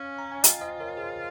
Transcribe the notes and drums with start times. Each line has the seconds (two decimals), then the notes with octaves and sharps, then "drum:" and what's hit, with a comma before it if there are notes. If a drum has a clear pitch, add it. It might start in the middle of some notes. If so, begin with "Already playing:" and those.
Already playing: C#4 F5 G#5
0.19 A#5
0.32 G#5
0.44 F4 D#5 G5, drum: hi-hat
0.61 C5 D#5
0.72 C5
0.80 A#4 C#5
0.97 G#4 C5